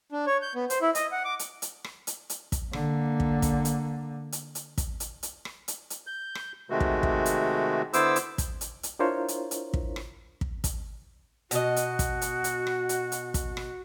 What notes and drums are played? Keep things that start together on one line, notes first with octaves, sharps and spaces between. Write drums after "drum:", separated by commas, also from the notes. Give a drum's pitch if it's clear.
D4
C#5
G6
B3
C5, drum: hi-hat
E4
D#5, drum: hi-hat
F#5
D6
drum: hi-hat
drum: hi-hat
drum: rim click
drum: hi-hat
drum: hi-hat
drum: kick, hi-hat
D3 A#3, drum: rim click
drum: kick
drum: kick, hi-hat
drum: hi-hat
drum: hi-hat
drum: hi-hat
drum: kick, hi-hat
drum: hi-hat
drum: hi-hat
drum: rim click
drum: hi-hat
drum: hi-hat
G6
drum: rim click
C3 D#3 G#3 A3 F#4
drum: kick
drum: kick
drum: hi-hat
D3 B3 E4 C5 D6 E6, drum: hi-hat
drum: hi-hat
drum: kick, hi-hat
drum: hi-hat
drum: hi-hat
D4 E4 F4 A#4 C5 C#5
drum: hi-hat
drum: hi-hat
drum: kick
drum: rim click
drum: kick
drum: kick, hi-hat
B2 F#4 D#5, drum: hi-hat
drum: hi-hat
drum: kick, hi-hat
drum: hi-hat
drum: hi-hat
drum: rim click
drum: hi-hat
drum: hi-hat
drum: kick, hi-hat
drum: rim click